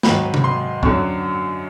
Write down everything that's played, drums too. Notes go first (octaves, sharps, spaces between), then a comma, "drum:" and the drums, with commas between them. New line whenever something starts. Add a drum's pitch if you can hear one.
G#2 D#3 F#3 B5, drum: snare
drum: tom C3
C6
F#2 D3 F#3 C#6, drum: kick